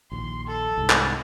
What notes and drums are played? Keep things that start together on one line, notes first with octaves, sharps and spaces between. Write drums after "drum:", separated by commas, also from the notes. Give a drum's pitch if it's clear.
A#1 D#2 C6
A4
C2 G#2
drum: clap